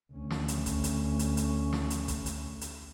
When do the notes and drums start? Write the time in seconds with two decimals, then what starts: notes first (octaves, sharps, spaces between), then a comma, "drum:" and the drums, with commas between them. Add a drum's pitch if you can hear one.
0.13 D2 C#4
0.30 drum: snare
0.48 drum: hi-hat
0.66 drum: kick A1, hi-hat
0.84 drum: hi-hat
1.19 drum: hi-hat
1.37 drum: hi-hat
1.73 drum: snare
1.90 drum: hi-hat
2.08 drum: kick A1, hi-hat
2.26 drum: hi-hat
2.61 drum: hi-hat